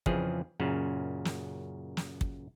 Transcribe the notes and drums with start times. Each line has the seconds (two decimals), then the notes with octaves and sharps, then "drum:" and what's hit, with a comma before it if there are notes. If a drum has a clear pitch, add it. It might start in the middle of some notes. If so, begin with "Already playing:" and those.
0.06 F2 C#3 E3 F3 G#4, drum: kick
0.60 F#2 A#2 C#3
1.25 drum: snare
1.97 drum: snare
2.21 drum: kick